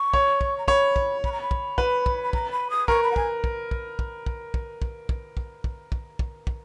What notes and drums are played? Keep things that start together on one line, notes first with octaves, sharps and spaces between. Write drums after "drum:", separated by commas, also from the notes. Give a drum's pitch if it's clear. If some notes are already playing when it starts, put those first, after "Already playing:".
Already playing: C#6
C#5, drum: kick
drum: kick
A#5
C#5 B5, drum: kick
drum: kick
B5, drum: kick
A#5
B5
drum: kick
B4, drum: kick
drum: kick
B5
A#5, drum: kick
B5
D#6
A#4 C#6, drum: kick
B5
F#5
G#5, drum: kick
drum: kick
drum: kick
drum: kick
drum: kick
drum: kick
drum: kick
drum: kick
drum: kick
drum: kick
drum: kick
drum: kick
drum: kick